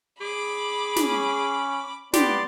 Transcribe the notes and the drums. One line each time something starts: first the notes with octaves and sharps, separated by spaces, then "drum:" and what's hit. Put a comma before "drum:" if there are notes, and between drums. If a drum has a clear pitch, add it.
G#4 B5 D6
C#4, drum: snare
B3 G4 D5 C6, drum: snare